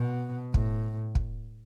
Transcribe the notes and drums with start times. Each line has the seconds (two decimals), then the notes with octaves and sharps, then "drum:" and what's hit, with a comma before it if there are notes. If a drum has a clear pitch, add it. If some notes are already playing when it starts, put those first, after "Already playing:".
Already playing: B2
0.54 A2, drum: kick
1.15 drum: kick